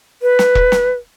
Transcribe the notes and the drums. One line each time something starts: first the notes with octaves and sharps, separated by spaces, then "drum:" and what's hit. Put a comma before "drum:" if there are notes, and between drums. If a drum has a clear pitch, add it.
B4
drum: snare
drum: kick E1
drum: snare